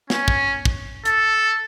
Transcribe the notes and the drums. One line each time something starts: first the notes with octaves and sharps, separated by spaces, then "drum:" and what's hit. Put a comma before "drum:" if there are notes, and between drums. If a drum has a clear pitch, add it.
C#4, drum: snare
drum: kick
drum: kick
A4, drum: hi-hat